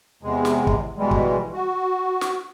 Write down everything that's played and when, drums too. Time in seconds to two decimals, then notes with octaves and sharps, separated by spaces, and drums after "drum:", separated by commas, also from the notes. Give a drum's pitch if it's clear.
0.23 E2 C3 G#3
0.45 drum: snare
0.67 drum: kick
0.98 B2 E3 G3 G#3
1.11 drum: kick
1.53 F#4
2.21 drum: snare